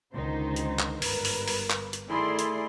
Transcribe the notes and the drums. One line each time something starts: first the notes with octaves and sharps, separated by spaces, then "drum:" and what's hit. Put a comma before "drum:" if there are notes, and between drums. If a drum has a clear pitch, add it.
C#2 D3 D#3 D#4 C5
drum: hi-hat
drum: clap
G1 G#2 A#4 B4, drum: open hi-hat
drum: open hi-hat
drum: open hi-hat
drum: clap
drum: hi-hat
D#3 A3 E4 G#4 D5 C6
drum: hi-hat